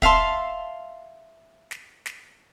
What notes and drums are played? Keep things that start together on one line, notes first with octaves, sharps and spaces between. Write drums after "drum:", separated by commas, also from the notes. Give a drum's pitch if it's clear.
E5 F5 A5 C6, drum: kick
drum: snare
drum: snare